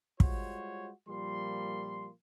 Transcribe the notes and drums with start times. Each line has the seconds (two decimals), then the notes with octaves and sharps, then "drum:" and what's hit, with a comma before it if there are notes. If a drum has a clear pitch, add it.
0.20 G3 G#3 F4 F#4 C5 C#5, drum: kick
1.08 A#2 F3 G3 A#3 C6